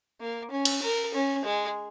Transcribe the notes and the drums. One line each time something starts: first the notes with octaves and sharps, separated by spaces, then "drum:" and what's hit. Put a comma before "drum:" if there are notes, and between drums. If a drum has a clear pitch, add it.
A#3
C#4
drum: cymbal
A#4
C#4
G#3